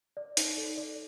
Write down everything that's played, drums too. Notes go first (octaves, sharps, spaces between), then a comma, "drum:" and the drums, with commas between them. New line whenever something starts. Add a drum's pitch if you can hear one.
D5
D#4, drum: hi-hat
A4
D5